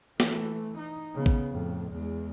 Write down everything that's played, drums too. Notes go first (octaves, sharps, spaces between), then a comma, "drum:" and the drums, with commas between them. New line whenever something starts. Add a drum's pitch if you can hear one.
E3 A3, drum: snare
D#4
C#3 B3
drum: kick A1
F2 A2
E2 G#3